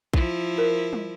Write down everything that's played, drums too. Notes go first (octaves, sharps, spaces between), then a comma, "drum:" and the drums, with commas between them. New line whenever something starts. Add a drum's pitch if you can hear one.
F3 E4, drum: kick A#1
A#4
drum: tom G3